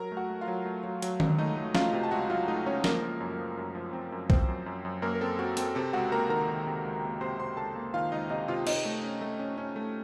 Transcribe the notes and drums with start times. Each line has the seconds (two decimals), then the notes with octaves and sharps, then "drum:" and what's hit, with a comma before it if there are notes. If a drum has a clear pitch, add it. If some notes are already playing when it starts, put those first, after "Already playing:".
Already playing: F#3 A#4 A#5
0.12 A3
0.17 F#4 F#5
0.30 A3
0.41 F4 F5
0.48 F#3
0.65 A3
0.83 F#3
1.02 F#3, drum: hi-hat
1.20 C#2, drum: tom D#3
1.38 A3 D#4 D#5
1.57 A3
1.75 A3 F4 F5, drum: snare
1.93 C3
2.03 A5
2.11 C#2 F#4 F#5
2.30 F#3 F4 F5
2.47 A3 D#4 D#5
2.66 C#2 C#4 C#5
2.84 F3 A#3 A#4, drum: snare
3.03 F3
3.20 F#2
3.38 F3
3.57 F#2
3.75 F3
3.93 C4
4.12 F#2
4.30 F3 C4 C5, drum: kick B1
4.48 F#2
4.66 F#2
4.85 F#2
5.02 F#2 A#3 A#4
5.15 A#4
5.21 C4 A4
5.39 C4 F#4
5.57 C4 A4, drum: hi-hat
5.75 C3 A4
5.93 C#2 F#4 F#5
6.12 A#3 A#4 A#5
6.29 D#3 A#4 A#5
6.48 D#3
6.67 C3
6.85 C#2
7.03 A#3
7.21 C3 C5 C6
7.39 C3 C5 C6
7.57 C#2 A4 A5
7.76 A#3
7.94 D#3 F4 F5
8.12 C#2 D#4 D#5
8.30 C3 D#4 D#5
8.48 C3 F4 F5
8.67 C3 D#4 D#5, drum: cymbal
8.85 A3
9.03 C#4
9.21 A3
9.39 C#4
9.58 C#4
9.76 A3